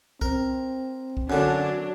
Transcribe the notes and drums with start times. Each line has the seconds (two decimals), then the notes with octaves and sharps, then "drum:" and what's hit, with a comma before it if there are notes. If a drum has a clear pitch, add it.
0.21 C4 A#4, drum: kick C2
1.17 drum: kick C2
1.30 F#2 D3 F#3 D4